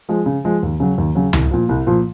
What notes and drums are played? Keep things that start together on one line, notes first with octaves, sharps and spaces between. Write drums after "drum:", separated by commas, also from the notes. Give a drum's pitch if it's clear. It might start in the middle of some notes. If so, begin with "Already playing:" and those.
F3 G#3
C#3
F3 G#3
D#2
C#3 F#3
D#2
C#3 F#3
C2, drum: tom C#2
A#2 F3
C2
A#2 F3